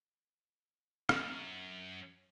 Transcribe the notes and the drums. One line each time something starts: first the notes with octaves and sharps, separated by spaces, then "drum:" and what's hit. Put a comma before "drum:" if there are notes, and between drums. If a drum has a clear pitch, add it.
F#2, drum: rim click